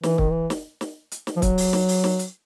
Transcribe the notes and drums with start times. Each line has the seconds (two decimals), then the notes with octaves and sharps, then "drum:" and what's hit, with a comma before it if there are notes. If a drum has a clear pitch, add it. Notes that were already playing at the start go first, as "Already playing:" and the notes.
0.03 E3, drum: snare
0.18 D#3, drum: kick
0.31 E3
0.50 drum: snare
0.81 drum: snare
1.12 drum: hi-hat
1.27 drum: snare
1.36 F3
1.42 F#3, drum: kick, hi-hat
1.58 drum: open hi-hat
1.73 drum: snare
1.88 drum: open hi-hat
2.04 drum: snare
2.19 drum: hi-hat